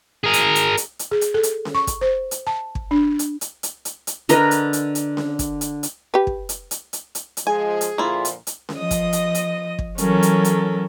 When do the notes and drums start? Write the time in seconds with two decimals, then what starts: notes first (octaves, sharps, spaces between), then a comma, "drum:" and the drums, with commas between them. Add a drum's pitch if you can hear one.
0.24 G#4 A#4
0.33 drum: hi-hat
0.55 drum: hi-hat
0.77 drum: hi-hat
0.99 drum: hi-hat
1.11 G#4
1.21 drum: hi-hat
1.34 A4
1.43 drum: hi-hat
1.65 drum: snare C#4
1.75 C#6
1.87 drum: kick, hi-hat
2.01 C5
2.31 drum: hi-hat
2.47 A5
2.75 drum: kick
2.91 D4
3.19 drum: hi-hat
3.41 drum: hi-hat
3.63 drum: hi-hat
3.85 drum: hi-hat
4.07 drum: hi-hat
4.29 D3 A#4 B4 D#5, drum: hi-hat
4.51 drum: hi-hat
4.73 drum: hi-hat
4.95 drum: hi-hat
5.17 drum: snare C#4
5.39 drum: kick, hi-hat
5.61 drum: hi-hat
5.83 drum: hi-hat
6.14 G4 B4
6.27 drum: kick
6.49 drum: hi-hat
6.71 drum: hi-hat
6.93 drum: hi-hat
7.15 drum: hi-hat
7.37 drum: hi-hat
7.47 F3 G#3 G#4 G#5
7.81 drum: hi-hat
7.98 A#2 D3 F3 A#3 E4 F4
8.25 drum: hi-hat
8.47 drum: hi-hat
8.69 drum: snare C#4
8.78 F3 D#5 D#6
8.91 drum: kick, hi-hat
9.13 drum: hi-hat
9.35 drum: hi-hat
9.79 drum: kick
9.98 E3 F#3 C#4 A4 A#4, drum: hi-hat
10.23 drum: hi-hat
10.45 drum: hi-hat